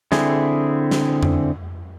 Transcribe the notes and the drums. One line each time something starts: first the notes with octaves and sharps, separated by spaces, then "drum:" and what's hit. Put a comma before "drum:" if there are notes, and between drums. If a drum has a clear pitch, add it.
D3 C4 E4 G#4, drum: snare
drum: snare
drum: tom F2